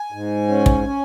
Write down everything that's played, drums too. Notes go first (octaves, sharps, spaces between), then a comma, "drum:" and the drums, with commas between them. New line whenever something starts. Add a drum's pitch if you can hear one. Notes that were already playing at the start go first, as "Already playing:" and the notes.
Already playing: G#5
G#2
C#4
drum: kick
C#4